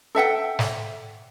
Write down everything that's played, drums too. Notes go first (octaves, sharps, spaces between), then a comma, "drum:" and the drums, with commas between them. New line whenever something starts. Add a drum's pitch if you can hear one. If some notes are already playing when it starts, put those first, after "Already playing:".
A4 E5 F#5 G5
drum: snare